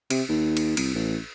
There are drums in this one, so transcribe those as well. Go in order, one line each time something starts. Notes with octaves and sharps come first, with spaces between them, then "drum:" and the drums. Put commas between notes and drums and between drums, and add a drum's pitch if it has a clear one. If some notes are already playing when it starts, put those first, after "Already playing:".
C3, drum: cymbal
D#2
drum: cymbal
C2, drum: cymbal
A1